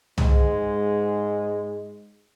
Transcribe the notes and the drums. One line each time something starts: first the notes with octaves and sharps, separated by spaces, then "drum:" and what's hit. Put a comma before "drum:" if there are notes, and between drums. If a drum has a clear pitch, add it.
G#2 G#3, drum: tom C2